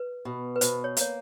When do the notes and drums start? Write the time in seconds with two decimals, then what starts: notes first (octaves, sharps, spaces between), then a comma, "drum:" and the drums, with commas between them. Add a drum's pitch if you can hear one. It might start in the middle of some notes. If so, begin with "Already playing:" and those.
Already playing: B4
0.25 B2
0.56 B4
0.61 B2 C5, drum: hi-hat
0.84 C#5
0.97 A#3 C#5, drum: hi-hat